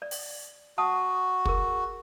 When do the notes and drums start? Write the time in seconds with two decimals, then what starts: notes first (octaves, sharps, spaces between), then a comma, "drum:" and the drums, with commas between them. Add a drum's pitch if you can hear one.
0.02 D5
0.11 drum: open hi-hat
0.78 F#4 F#5 A5 D#6
1.45 G#4 A#4, drum: kick